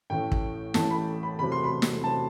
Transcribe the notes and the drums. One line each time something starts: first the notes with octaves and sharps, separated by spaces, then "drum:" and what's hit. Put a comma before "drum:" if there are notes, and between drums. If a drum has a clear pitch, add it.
A1 A2 E3 A3 G5
drum: kick
A1 A2 E3 A3 A5, drum: snare
B5
B5
E1 E2 C3 F#3 A3 B5
C6
B5
drum: snare
C3 F#3 A3 A5